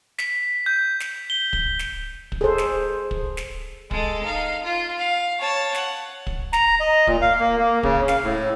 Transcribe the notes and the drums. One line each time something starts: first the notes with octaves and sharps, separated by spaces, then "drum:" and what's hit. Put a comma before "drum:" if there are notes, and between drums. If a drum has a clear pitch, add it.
B6, drum: snare
G6
drum: snare
G7
drum: kick
drum: snare
drum: kick
G#4 A4 C5
drum: snare
drum: kick
drum: snare
G#3 A4, drum: kick
D#4 F5
F4
F5
C#5 A5
F#5, drum: snare
drum: kick
A#5, drum: snare
D#5
A#2, drum: kick
F5
A#3
A#3
C#3, drum: kick
F5, drum: snare
A2